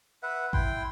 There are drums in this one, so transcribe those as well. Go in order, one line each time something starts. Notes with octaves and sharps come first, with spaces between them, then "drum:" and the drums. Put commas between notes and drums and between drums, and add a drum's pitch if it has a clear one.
B4 E5 F#5
E4 G5 C6, drum: kick G#1